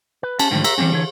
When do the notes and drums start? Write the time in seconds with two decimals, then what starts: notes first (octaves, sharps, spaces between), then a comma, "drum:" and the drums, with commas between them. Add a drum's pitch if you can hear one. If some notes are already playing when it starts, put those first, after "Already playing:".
0.23 B4
0.39 C#4 A5, drum: cymbal
0.51 G#2 D3 D#3 F3 G3 A3
0.64 A#4 E5, drum: cymbal
0.78 E3 F#3 G3 C4 C#4
0.92 D3 E3 C#5